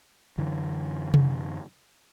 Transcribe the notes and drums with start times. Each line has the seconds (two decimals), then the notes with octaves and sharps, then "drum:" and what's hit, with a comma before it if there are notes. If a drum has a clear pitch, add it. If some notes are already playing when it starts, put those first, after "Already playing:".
0.38 F#2 D3 E3
1.14 drum: tom C3